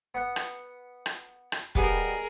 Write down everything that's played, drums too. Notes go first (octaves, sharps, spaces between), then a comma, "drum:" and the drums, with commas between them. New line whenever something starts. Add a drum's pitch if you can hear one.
B3 F#5
drum: rim click
drum: rim click
drum: rim click
G3 B3 D#4 G#4 A#4, drum: kick